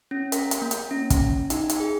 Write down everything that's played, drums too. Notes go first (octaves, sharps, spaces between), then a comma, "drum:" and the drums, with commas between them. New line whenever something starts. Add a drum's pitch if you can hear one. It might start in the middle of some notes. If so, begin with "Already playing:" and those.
C#4
A#4, drum: hi-hat
drum: hi-hat
A#3
drum: hi-hat
C#4
drum: kick, hi-hat
D#4, drum: hi-hat
drum: hi-hat
G#4